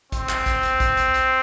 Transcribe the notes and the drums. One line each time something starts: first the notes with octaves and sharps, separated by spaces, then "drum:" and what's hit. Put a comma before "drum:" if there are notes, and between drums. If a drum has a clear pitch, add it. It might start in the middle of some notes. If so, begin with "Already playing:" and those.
C4, drum: kick A#1, hi-hat
drum: clap
drum: kick A#1, hi-hat
drum: hi-hat
drum: kick A#1, hi-hat
drum: hi-hat
drum: hi-hat